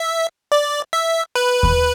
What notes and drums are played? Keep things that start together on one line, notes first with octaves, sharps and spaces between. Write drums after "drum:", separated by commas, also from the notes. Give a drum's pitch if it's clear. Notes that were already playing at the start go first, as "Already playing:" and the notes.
Already playing: E5
D5
E5
B4
drum: kick D#2